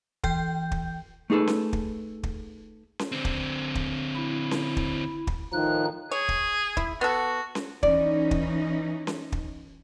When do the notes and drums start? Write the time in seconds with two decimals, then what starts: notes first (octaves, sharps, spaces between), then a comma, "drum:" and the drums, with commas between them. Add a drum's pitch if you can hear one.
0.24 E3 G5 G6, drum: kick
0.72 drum: kick
1.30 A3 D#4 G#4 A4 B4
1.47 drum: snare C#4
1.73 drum: kick
2.23 drum: kick
2.99 drum: snare C#4
3.12 D3 C4
3.25 drum: kick
3.75 drum: kick
4.16 E4
4.51 drum: snare C#4
4.77 drum: kick
5.27 drum: kick
5.53 A2 D#3 F3 D#4 F#6
6.11 G#4 C#5
6.29 drum: kick
6.77 E4, drum: kick
7.01 B3 F#4 A4
7.55 drum: snare C#4
7.83 E3 C#4 D#4 D5, drum: kick
8.31 drum: kick
9.07 drum: snare C#4
9.32 drum: kick